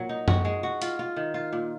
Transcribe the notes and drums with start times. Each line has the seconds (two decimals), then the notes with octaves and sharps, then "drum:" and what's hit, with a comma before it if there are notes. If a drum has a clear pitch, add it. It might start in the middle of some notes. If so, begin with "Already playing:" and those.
Already playing: A#2 F#3
0.09 D#4
0.28 F#4, drum: tom F#2
0.45 G#3
0.63 F#4
0.82 F4, drum: hi-hat
0.99 F4
1.16 D#3
1.34 F4
1.53 A#2